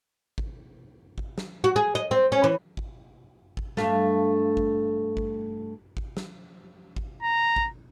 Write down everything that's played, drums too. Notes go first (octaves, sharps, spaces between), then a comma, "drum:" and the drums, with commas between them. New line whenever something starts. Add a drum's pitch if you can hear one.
drum: kick G#1
drum: kick G#1
drum: snare
F#4
G#4
D#5
C4
C#4
E3
drum: kick G#1
drum: kick G#1
G2 A3 F5, drum: snare
drum: kick G#1
drum: kick G#1
drum: kick G#1
drum: snare
drum: kick G#1
A#5
drum: kick G#1